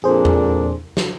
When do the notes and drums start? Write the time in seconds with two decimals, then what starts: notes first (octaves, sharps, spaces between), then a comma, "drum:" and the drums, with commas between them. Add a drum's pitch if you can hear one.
0.04 F2 A#2 D4 G#4 C5
0.25 drum: tom E2
0.97 drum: snare